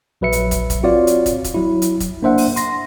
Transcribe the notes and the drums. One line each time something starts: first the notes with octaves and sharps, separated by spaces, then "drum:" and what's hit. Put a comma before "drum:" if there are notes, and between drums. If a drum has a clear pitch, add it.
A#1 F#3 B4 E5 C#7
drum: hi-hat
drum: kick, hi-hat
drum: kick, hi-hat
C4 F4 F#4 C#5 D5 F5
drum: hi-hat
drum: kick, hi-hat
drum: kick, hi-hat
F#3 E4
drum: hi-hat
drum: kick, hi-hat
A#3 D4 C5 E5 F#5
drum: open hi-hat
C6 A#6, drum: hi-hat